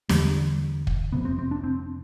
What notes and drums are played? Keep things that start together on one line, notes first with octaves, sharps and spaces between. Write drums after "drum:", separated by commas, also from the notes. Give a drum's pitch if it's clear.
E2 D3 G3, drum: snare
drum: kick
F2 C3 B3
C4
C4
D4
C4